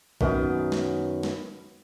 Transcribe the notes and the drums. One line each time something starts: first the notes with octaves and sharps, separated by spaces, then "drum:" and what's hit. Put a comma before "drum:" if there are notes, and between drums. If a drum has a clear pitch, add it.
F#2 D#3 B3, drum: kick
drum: snare
drum: snare